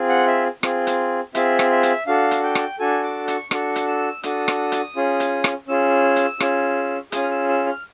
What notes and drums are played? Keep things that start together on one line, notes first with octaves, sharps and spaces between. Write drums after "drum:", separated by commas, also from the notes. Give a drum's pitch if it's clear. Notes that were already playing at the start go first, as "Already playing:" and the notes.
Already playing: C4 F4 G#4
F#5
E5
C4 F4 G#4, drum: rim click
drum: hi-hat
C4 F4 G#4 E5, drum: hi-hat
drum: rim click
E5
drum: hi-hat
D4 F#4 A4 F5
drum: hi-hat
G5
drum: rim click
D4 F#4 A4 G#5
D6
C#6, drum: hi-hat
D4 F#4 A4 C#6, drum: rim click
drum: hi-hat
E6
D4 F#4 A4 D#6, drum: hi-hat
drum: rim click
drum: hi-hat
C#4 F4 G#4
drum: hi-hat
drum: rim click
C#4 F4 G#4 E6
drum: hi-hat
C#4 F4 G#4, drum: rim click
C#4 F4 G#4 D#6, drum: hi-hat
F6
E6
E6
F6